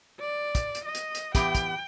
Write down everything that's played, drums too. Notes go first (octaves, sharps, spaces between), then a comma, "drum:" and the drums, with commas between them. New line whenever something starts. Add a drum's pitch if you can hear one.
D5
drum: kick, hi-hat
drum: hi-hat
D#5
drum: hi-hat
drum: hi-hat
E3 B3 G4 G5, drum: kick, hi-hat
drum: kick, hi-hat